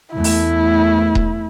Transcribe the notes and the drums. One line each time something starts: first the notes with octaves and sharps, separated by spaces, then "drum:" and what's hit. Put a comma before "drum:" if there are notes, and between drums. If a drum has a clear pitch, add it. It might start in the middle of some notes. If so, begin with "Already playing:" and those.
E2 A3 E4
drum: open hi-hat
drum: kick D#1